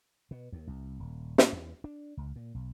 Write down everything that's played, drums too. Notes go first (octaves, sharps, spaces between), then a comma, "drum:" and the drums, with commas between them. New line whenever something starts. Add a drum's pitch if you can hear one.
B2
D#2
C2
D#1
A2, drum: snare
E2
D4
C#2
A#2
B1